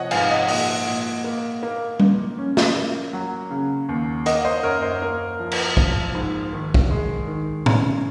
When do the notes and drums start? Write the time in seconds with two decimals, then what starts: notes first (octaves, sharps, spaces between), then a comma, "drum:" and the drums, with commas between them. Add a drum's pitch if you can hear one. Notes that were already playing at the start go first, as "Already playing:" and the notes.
Already playing: C3 F3 C#5 D#5 F#5
0.11 G#2 F5 G#5, drum: cymbal
0.30 D#5 F#5
0.48 A#2 D#5 F#5, drum: open hi-hat
0.87 A#2
1.24 A#3
1.63 A#3
2.00 A#2, drum: tom G3
2.38 C#4
2.57 drum: snare
2.75 A#3
3.13 F#3
3.51 C#3
3.89 D#2
4.26 A#3 D#5 F#5, drum: hi-hat
4.44 C5 D#5
4.63 F#2 A#4 C#5
4.82 C5
5.02 A#3 A#4
5.40 F3
5.51 drum: cymbal
5.77 F3, drum: kick
6.15 G#2
6.53 D#3
6.74 drum: kick
6.91 G#3
7.27 D#3
7.66 C#4, drum: tom A2